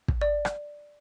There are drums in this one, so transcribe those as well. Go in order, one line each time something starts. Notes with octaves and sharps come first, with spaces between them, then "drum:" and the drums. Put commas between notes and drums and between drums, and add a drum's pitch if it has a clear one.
drum: kick
D5
drum: rim click